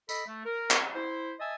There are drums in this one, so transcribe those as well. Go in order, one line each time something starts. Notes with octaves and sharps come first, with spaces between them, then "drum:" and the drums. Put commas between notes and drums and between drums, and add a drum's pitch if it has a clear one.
A4 D#5 B5, drum: tambourine
A3
A#4
drum: clap
E4 C5
D#5 E5 G#5 A5 E6